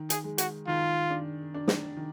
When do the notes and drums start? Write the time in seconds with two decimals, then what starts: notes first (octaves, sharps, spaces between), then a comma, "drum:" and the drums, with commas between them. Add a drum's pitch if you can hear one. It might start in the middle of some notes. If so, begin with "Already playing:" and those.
Already playing: D#3
0.10 G#4, drum: hi-hat
0.24 G#3
0.38 F#4, drum: hi-hat
0.67 D#3 F4
1.10 D4
1.54 D4
1.68 drum: snare
1.97 D#3